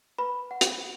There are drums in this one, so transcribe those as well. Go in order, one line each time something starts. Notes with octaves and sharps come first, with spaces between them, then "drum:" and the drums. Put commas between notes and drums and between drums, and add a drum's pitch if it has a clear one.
B4 B5
F#5
drum: hi-hat